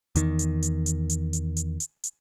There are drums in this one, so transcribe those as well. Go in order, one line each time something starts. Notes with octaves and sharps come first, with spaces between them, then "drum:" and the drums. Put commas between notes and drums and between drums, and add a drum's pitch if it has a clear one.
E2 D#3, drum: hi-hat
drum: hi-hat
drum: hi-hat
drum: hi-hat
drum: hi-hat
drum: hi-hat
drum: hi-hat
drum: hi-hat
drum: hi-hat